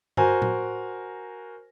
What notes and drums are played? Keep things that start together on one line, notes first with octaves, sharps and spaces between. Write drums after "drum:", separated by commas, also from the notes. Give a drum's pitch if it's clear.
F#4 A#4 C5 G#5, drum: tom G2
drum: tom A2